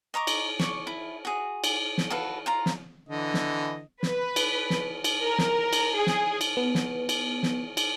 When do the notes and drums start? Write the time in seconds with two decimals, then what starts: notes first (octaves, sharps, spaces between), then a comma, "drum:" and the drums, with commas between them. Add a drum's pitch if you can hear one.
0.14 D#5 A#5 C#6 D6
0.27 drum: cymbal
0.59 C#5 D5 C#6, drum: snare
0.87 E4
1.25 F#4 G#4
1.64 drum: cymbal
1.98 drum: snare
2.10 F#4 A4 B4 F5
2.46 F4 F5 A#5
2.66 drum: snare
3.09 D3 E3 D#5
3.34 drum: snare
4.03 B4, drum: snare
4.36 drum: cymbal
4.70 drum: snare
5.04 drum: cymbal
5.21 A#4
5.38 drum: snare
5.73 drum: cymbal
5.94 G#4
6.07 drum: snare
6.41 drum: cymbal
6.57 B3
6.75 drum: snare
7.09 drum: cymbal
7.43 drum: snare
7.77 drum: cymbal